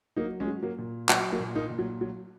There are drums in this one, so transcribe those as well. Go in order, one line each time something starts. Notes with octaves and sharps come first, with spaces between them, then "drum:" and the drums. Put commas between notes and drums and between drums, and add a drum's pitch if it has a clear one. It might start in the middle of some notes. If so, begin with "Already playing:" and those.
F#3 A#3 D#4
G#3 C#4
F#3
F#3 A#3
A#2
F#3, drum: clap
F#3 A#3
A#2
A#3 D#4
A#2
F#3
F#3